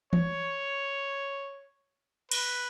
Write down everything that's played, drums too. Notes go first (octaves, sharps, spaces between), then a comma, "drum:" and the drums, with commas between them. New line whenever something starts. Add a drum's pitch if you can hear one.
C#5, drum: tom E3
B4, drum: cymbal